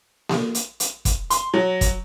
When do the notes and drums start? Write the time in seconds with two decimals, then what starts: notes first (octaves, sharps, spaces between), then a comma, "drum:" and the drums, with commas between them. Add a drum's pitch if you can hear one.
0.29 drum: snare A#3
0.55 drum: hi-hat
0.80 drum: hi-hat
1.05 drum: kick, hi-hat
1.30 C6, drum: hi-hat
1.54 F#3
1.81 drum: kick, hi-hat